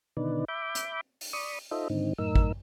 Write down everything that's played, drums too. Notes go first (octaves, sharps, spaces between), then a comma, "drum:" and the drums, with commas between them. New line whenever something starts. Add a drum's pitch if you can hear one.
B2 D3 D#3 D#4 B4 D5
E5 B5 D6 G6
drum: hi-hat
drum: open hi-hat
D5 B5 C#6 D#6
D#4 F4 A4 C5 D#5 E5
G#2 D3 D#3 C4 D#4
F#2 A2 D#4 A#4 E6
drum: kick